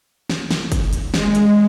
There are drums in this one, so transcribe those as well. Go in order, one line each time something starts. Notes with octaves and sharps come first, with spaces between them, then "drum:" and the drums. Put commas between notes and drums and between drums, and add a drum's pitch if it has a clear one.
drum: snare
drum: snare
drum: kick, hi-hat
drum: hi-hat
G#3, drum: snare
drum: hi-hat